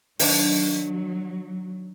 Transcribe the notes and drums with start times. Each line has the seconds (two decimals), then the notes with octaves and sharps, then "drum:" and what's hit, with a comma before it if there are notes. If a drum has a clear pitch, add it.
0.19 D#3 F#3 D4, drum: open hi-hat